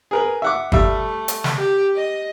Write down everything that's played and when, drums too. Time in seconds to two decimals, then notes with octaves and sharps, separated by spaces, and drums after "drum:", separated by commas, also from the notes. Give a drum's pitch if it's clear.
0.11 G#4 A#4 B4
0.42 E5 F#5 D6
0.72 G3 A3 E5, drum: kick G1
1.28 drum: hi-hat
1.44 drum: snare
1.57 G4
1.96 D#5